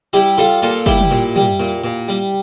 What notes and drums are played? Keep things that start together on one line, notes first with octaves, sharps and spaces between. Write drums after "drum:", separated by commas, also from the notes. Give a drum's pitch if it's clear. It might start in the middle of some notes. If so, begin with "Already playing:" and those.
G3 E4 G4
G3 F4 A4
A#2 F4 A4
G3 E4 G4, drum: kick F#1
drum: tom
A#2
G3, drum: tom
A#2
A#2
G3